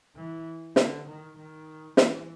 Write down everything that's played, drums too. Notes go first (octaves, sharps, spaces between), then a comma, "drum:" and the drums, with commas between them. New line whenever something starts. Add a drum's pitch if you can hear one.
E3
D3, drum: snare
D#3
D#3
E3, drum: snare